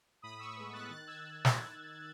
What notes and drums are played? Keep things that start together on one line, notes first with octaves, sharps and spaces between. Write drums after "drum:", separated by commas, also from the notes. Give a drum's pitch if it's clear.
A2 B5 D#6
C#6 E6
G#3 B3
F#6 A6
D#3 F#6 A6
E6 G#6
drum: snare